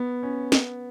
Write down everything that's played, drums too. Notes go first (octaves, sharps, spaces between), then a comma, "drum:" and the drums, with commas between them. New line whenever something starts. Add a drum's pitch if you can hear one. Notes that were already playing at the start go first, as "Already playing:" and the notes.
Already playing: B3
C#4
B3, drum: snare